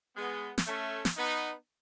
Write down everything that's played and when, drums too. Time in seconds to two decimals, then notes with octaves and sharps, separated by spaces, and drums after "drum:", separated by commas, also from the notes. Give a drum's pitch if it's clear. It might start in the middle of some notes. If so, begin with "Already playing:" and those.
0.16 G#3 B3
0.58 drum: snare
0.67 A3 C#4
1.05 drum: snare
1.17 B3 D#4